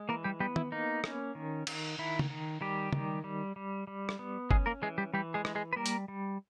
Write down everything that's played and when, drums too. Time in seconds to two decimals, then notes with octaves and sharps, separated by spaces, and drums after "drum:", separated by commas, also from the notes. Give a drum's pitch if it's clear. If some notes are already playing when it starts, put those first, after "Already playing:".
Already playing: G#3
0.09 E3 A#3 A#4
0.24 G3 G4
0.40 G3 B3 G4
0.56 E4, drum: tom
0.72 A#3 D#4
1.04 C#4, drum: rim click
1.35 D#3
1.67 D#3, drum: cymbal
1.98 D#3 E4
2.19 drum: tom
2.30 D#3
2.61 D#3 G3 G4
2.93 D#3, drum: tom
3.24 G3
3.56 G3
3.87 G3
4.09 drum: rim click
4.19 B3
4.51 G#3 C#4 G#4, drum: kick
4.66 A#3 A#4
4.82 E3 G#3 G#4
4.98 G3 G4
5.14 E3 G3 G4
5.34 G#3 G#4
5.45 G#3, drum: rim click
5.55 G#3 G#4
5.73 B4
5.76 G3 A#3 A#4
5.86 drum: hi-hat
6.08 G3